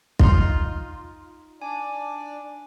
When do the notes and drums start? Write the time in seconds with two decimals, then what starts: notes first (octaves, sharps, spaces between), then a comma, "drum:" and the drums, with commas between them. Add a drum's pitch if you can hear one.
0.19 D#4 F4 C6, drum: kick
1.62 D4 D5 G#5